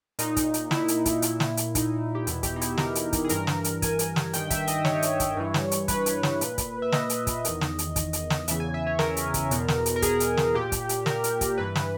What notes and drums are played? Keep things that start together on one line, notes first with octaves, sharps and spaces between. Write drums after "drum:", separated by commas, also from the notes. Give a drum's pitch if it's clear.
A#2 D#4, drum: hi-hat
drum: kick, hi-hat
drum: hi-hat
E4, drum: snare
drum: hi-hat
drum: kick, hi-hat
A#2, drum: hi-hat
drum: snare
drum: hi-hat
D#4, drum: kick, hi-hat
G4
E2 B2 E4, drum: hi-hat
G4, drum: kick, hi-hat
D#4
E4, drum: hi-hat
A#4, drum: snare
drum: hi-hat
drum: kick, hi-hat
G#4
G2 E3 A#4, drum: hi-hat
drum: snare
drum: hi-hat
G#5, drum: kick, hi-hat
drum: hi-hat
drum: snare
G2 D#3 G5, drum: hi-hat
E5, drum: kick, hi-hat
D#5, drum: hi-hat
C#5, drum: snare
drum: hi-hat
drum: kick, hi-hat
G2 E3
drum: snare
drum: hi-hat
B4, drum: kick, hi-hat
drum: hi-hat
drum: snare
A#2, drum: hi-hat
drum: kick, hi-hat
E5
D#5, drum: snare
drum: hi-hat
drum: kick, hi-hat
E2 D#3, drum: hi-hat
drum: snare
drum: hi-hat
drum: kick, hi-hat
drum: hi-hat
drum: snare
E2 C#3 E3 E5, drum: hi-hat
G#5
E5
C#5
A#4, drum: snare
drum: hi-hat
drum: kick, hi-hat
E2 B2, drum: hi-hat
drum: snare
drum: hi-hat
A#4
G#4, drum: kick, hi-hat
drum: hi-hat
drum: snare
A#2 G4
drum: kick, hi-hat
drum: hi-hat
A#4, drum: snare
drum: hi-hat
drum: kick, hi-hat
G2 E3 B4
drum: snare